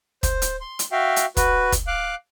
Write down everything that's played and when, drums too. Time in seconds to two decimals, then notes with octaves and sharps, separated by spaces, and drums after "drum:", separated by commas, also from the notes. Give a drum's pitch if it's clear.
0.23 C5, drum: kick, hi-hat
0.42 drum: hi-hat
0.61 C6
0.79 drum: hi-hat
0.92 F#4 E5 F5 G5
1.16 drum: hi-hat
1.37 F#4 B4, drum: kick, hi-hat
1.72 drum: kick, hi-hat
1.87 F5 D6 F#6